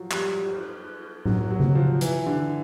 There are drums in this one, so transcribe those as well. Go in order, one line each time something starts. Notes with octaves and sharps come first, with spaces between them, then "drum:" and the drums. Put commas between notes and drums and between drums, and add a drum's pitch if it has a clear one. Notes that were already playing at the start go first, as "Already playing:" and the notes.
Already playing: F3 F#3
G3, drum: clap
drum: cymbal
F#3, drum: tom A2
F#3
drum: tom C#3
F3
E3, drum: hi-hat
D3